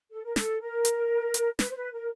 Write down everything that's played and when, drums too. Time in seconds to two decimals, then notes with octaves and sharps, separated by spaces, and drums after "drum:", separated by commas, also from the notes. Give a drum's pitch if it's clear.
0.11 A4
0.23 A#4
0.36 A4, drum: snare
0.60 A#4
0.85 drum: hi-hat
1.34 drum: hi-hat
1.59 B4, drum: snare
1.69 C5
1.75 B4
1.92 A#4